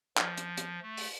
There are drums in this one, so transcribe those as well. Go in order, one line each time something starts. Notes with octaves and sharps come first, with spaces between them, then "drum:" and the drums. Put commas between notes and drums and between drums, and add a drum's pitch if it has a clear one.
F3, drum: clap
drum: hi-hat
drum: hi-hat
A3
drum: open hi-hat